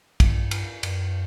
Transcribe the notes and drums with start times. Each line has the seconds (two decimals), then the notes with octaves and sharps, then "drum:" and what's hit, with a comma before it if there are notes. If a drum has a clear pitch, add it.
0.20 G2, drum: kick, cymbal
0.51 drum: cymbal
0.83 F#2, drum: cymbal